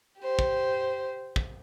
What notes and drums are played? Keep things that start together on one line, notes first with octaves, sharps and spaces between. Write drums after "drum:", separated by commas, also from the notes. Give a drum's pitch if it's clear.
G4 C5
drum: kick
drum: kick